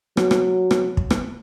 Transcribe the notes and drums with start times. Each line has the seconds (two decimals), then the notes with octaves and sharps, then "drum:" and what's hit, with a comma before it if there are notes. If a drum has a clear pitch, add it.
0.17 F#3, drum: rim click
0.31 drum: rim click
0.71 drum: rim click
0.97 drum: kick
1.11 drum: rim click